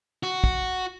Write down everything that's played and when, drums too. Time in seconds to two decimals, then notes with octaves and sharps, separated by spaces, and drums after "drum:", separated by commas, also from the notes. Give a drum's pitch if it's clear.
0.23 F#4
0.44 drum: kick